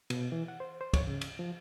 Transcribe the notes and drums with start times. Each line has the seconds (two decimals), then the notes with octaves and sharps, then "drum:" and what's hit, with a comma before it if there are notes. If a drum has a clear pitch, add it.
0.10 B2, drum: cymbal
0.32 E3
0.48 F#5
0.60 C5
0.81 C5
0.93 C#5, drum: kick, cymbal
1.07 C#3
1.21 drum: cymbal
1.39 F3